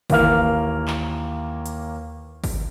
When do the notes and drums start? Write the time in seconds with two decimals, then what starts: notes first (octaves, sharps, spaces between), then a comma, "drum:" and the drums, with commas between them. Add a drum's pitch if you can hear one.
0.10 D#2 E3 A#3 F6, drum: kick G#1, open hi-hat
0.88 drum: clap
1.66 drum: hi-hat
2.44 drum: kick G#1, open hi-hat